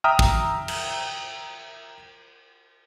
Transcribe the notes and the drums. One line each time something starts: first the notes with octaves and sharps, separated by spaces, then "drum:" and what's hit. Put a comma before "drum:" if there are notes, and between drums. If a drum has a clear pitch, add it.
E5 G5 A#5 D#6 F6
drum: kick
drum: cymbal